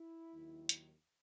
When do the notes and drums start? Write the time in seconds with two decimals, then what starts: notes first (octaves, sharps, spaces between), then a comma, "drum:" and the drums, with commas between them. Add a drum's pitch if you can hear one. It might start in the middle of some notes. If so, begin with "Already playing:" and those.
Already playing: E4
0.32 D#2 D#3 F#3
0.69 drum: hi-hat